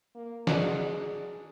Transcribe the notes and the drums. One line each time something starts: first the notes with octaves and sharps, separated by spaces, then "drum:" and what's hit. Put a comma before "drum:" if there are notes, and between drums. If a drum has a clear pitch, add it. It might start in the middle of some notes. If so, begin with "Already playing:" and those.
A#3
D4 D#4 F#4 G#4, drum: snare